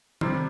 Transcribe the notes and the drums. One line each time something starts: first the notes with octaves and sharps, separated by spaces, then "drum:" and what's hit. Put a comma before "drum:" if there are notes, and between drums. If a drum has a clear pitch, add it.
C3 G3 C4, drum: tom D#3